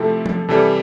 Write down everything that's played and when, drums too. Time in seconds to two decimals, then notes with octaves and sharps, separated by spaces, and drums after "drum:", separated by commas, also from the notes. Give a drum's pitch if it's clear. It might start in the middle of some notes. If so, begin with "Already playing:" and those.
Already playing: C3 F3 A3 C4 E4 A4
0.26 drum: tom F3
0.48 C3 E3 G3 A4